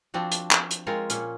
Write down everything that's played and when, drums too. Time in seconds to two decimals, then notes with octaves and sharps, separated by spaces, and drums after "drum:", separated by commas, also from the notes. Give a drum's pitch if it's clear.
0.14 F3 C4 D4 F#4
0.32 drum: hi-hat
0.51 drum: clap
0.71 drum: hi-hat
0.87 G#3 C4 F4 A#4 C#5
1.10 A#2 C#4, drum: hi-hat